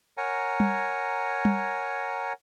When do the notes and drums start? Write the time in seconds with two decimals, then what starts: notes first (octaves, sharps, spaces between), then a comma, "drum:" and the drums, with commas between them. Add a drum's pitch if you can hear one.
0.17 A#4 C#5 F#5 G#5 A#5
0.60 drum: tom G3
1.45 drum: tom G3